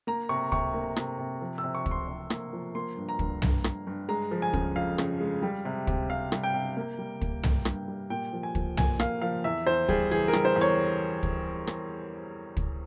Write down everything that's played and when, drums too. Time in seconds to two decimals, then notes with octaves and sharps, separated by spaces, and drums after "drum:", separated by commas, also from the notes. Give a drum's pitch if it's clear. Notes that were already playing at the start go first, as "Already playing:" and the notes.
0.07 A#3 A#5
0.29 C3 C#6
0.52 C3 C#6, drum: kick
0.74 A#3
0.96 C3, drum: rim click
1.19 C3
1.41 F3
1.58 E6
1.64 C3
1.75 C#6
1.86 C3, drum: kick
1.91 C6
2.08 C3
2.30 A#3, drum: rim click
2.53 F3
2.75 A#3 C6
2.97 G2
3.09 A#5
3.19 G2, drum: kick
3.42 G2, drum: tom
3.64 G2, drum: rim click
3.87 G2
4.09 G#3 A#5
4.31 F3
4.42 G#5
4.53 C#3, drum: kick
4.76 F2 F5
4.98 C#3, drum: rim click
5.20 G#3
5.42 G3
5.65 C3
5.87 C3, drum: kick
6.09 C3 F5
6.32 G3, drum: rim click
6.43 G5
6.54 C3
6.77 A#3
6.99 G3
7.21 A#3, drum: kick
7.43 G3, drum: tom
7.65 G2, drum: rim click
7.88 G3
8.10 A#2 G5
8.33 F3
8.43 G#5
8.55 F3, drum: kick
8.77 A#2 G#5, drum: tom
8.99 A#3 F5, drum: rim click
9.22 F3 F5
9.44 E2 E5
9.67 E2 C5
9.88 G3 G#4, drum: kick
10.11 E3 G#4
10.28 A#4
10.33 G3, drum: rim click
10.45 C5
10.56 E2
10.61 C#5
11.23 drum: kick
11.67 drum: rim click
12.57 drum: kick